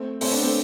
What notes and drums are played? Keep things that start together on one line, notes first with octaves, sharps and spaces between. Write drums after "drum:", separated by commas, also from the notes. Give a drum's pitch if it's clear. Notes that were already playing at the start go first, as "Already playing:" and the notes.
Already playing: A3 C4
A3 C4, drum: open hi-hat
B3 D4
A3 C4